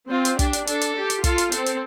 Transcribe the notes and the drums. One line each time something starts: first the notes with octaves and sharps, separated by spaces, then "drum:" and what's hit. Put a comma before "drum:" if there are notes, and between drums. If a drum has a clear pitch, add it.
C4 F4
drum: hi-hat
D4 G4, drum: kick, hi-hat
drum: hi-hat
D4 A4, drum: hi-hat
drum: hi-hat
G4
drum: hi-hat
F4 A4, drum: kick, hi-hat
drum: hi-hat
C4 A4, drum: hi-hat
drum: hi-hat